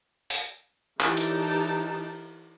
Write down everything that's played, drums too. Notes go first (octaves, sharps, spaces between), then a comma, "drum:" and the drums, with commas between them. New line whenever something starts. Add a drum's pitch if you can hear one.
drum: open hi-hat
E3 D#4 G4 A5, drum: clap
drum: cymbal